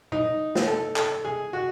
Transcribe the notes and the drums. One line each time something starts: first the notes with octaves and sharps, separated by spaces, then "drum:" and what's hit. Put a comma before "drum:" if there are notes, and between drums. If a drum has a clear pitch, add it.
D#4, drum: tom
drum: snare
A4
A4, drum: clap
G#4
F#4